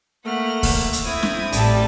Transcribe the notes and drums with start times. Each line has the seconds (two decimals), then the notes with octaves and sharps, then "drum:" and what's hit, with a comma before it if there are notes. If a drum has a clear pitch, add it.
0.25 A3 A#3 F#5 F6
0.63 drum: kick D2, open hi-hat
0.93 drum: hi-hat
1.04 C4 E4 D#6 G#6
1.23 drum: snare
1.52 A1 G3 A4 A5, drum: hi-hat